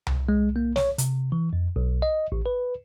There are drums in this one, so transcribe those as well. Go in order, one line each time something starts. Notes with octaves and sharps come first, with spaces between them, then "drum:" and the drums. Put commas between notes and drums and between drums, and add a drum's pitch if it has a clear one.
drum: tom C2
G#3
A#3
C#5, drum: snare
C3, drum: hi-hat
E3
F2
B1
D#5
A1
B4